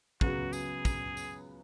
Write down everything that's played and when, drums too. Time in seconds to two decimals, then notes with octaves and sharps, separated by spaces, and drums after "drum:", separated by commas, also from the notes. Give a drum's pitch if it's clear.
0.21 C#2 C#3 F#3 B3 F#4, drum: kick
0.53 G#4, drum: tambourine
0.85 drum: kick, tambourine
1.17 drum: tambourine